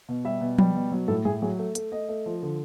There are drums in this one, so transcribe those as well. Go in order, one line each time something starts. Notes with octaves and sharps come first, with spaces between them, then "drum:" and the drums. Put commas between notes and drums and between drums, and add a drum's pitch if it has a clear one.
B2
G3 E5
B2
G3, drum: tom F3
B2
F#3
A2 A4
A2 G#4
F#3 G#4
A3
A3, drum: hi-hat
A3 D#5
A3
F3
D3